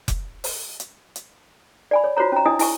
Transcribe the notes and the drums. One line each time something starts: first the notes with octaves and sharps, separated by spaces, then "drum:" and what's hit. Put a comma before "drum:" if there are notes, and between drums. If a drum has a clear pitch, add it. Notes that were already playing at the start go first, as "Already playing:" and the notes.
drum: kick F1, hi-hat
drum: open hi-hat
drum: hi-hat
drum: hi-hat
D5 G#5 B5
C#5
F4 F#4 C5 C#5 A#5
C#4 A#5
D4 E4 D#5 G#5 D#6
E4 G#5 C#6, drum: open hi-hat